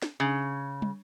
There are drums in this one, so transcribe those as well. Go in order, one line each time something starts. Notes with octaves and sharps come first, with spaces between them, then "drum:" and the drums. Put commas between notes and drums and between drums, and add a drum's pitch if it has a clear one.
drum: snare
C#3
drum: tom